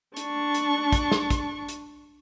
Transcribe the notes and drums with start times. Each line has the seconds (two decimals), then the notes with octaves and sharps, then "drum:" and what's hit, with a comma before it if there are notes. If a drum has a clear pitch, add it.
0.16 D4 C#6, drum: hi-hat
0.54 drum: hi-hat
0.92 drum: kick, hi-hat
1.11 drum: snare
1.30 drum: kick, hi-hat
1.68 drum: hi-hat